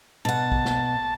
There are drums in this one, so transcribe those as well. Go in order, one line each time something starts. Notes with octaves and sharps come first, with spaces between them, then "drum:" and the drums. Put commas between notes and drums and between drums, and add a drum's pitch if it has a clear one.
B2 F#5 A5
drum: kick
drum: snare